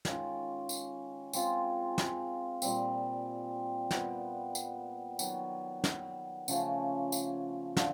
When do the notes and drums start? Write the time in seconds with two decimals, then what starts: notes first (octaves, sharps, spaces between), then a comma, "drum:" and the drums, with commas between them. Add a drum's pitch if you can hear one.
0.05 D#3 G#3 C#4 F4, drum: snare
0.69 drum: tambourine
1.33 G#3 C4 F4 G#4, drum: tambourine
1.98 drum: snare
2.62 A#2 G3 C4, drum: tambourine
3.91 A#2 G3 B3, drum: snare
4.55 drum: tambourine
5.19 D#3 F#3 B3, drum: tambourine
5.84 drum: snare
6.48 C#3 F3 A3 C#4, drum: tambourine
7.12 drum: tambourine
7.77 D3 F3, drum: snare